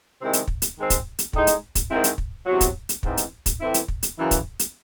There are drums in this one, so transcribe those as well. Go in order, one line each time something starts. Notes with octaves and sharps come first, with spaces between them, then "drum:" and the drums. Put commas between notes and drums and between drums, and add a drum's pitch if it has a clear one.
C3 D#3 G#3 C4 E4
drum: hi-hat
drum: kick
drum: hi-hat
D#3 G#3 C4
drum: kick, hi-hat
drum: hi-hat
A2 G#3 D#4, drum: kick
drum: hi-hat
drum: kick, hi-hat
G#2 D#3 G#3 C4 E4
drum: hi-hat
drum: kick
E2 C3 F#3
drum: kick, hi-hat
drum: hi-hat
G#2 E3 C4 D#4, drum: kick
drum: hi-hat
drum: kick, hi-hat
A2 E3 C4 E4
drum: hi-hat
drum: kick
drum: hi-hat
F#2 C#3 E3
drum: kick, hi-hat
drum: hi-hat